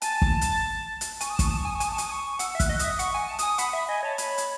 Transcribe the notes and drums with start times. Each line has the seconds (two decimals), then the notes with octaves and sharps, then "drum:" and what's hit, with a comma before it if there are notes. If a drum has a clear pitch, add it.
0.02 G#5 A5, drum: hi-hat
0.22 drum: kick
0.41 drum: hi-hat
1.01 drum: hi-hat
1.21 G#5 C#6, drum: hi-hat
1.30 D#6
1.36 A5
1.39 C#6, drum: kick, hi-hat
1.48 A5 D#6
1.57 C#6
1.65 G#5 D#6
1.75 C#6
1.80 G#5 D#6, drum: hi-hat
1.89 A5
1.93 C#6
1.98 G#5 D#6, drum: hi-hat
2.11 C#6
2.39 F#5 E6, drum: hi-hat
2.55 E5
2.60 F#6, drum: kick, hi-hat
2.69 D#5
2.79 E5 D#6, drum: hi-hat
2.99 F#5 C#6, drum: hi-hat
3.14 G#5
3.28 A5
3.39 G#5 D#6, drum: hi-hat
3.58 F#5 B5, drum: hi-hat
3.73 E5 B5
3.88 D#5 G#5
4.03 C#5 A5
4.18 B5, drum: hi-hat
4.38 drum: hi-hat